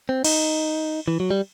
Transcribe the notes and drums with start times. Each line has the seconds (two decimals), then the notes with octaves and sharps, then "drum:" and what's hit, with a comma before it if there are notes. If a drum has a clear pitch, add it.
0.09 C4
0.24 D#4, drum: cymbal
1.08 E3
1.20 F#3
1.31 G3